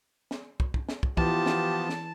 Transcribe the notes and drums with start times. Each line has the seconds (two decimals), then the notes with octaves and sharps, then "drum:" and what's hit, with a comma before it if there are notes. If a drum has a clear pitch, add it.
0.31 drum: snare
0.60 drum: kick
0.74 drum: kick
0.89 drum: snare
1.03 drum: kick
1.17 E3 F3 B3 F4 G4 A5, drum: kick
1.46 drum: snare
1.89 drum: snare